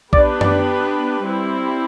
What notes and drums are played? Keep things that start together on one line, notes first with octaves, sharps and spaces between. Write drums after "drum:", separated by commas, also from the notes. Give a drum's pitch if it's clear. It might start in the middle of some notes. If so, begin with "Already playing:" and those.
B3 D4 G4 B4 D5, drum: kick
D5, drum: tom F#2
G3 C4 E4